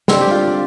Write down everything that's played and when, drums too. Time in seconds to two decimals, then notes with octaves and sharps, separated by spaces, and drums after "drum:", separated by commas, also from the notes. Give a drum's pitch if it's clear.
0.08 D3 G3 C4, drum: snare
0.21 G4
0.31 F4
0.47 D5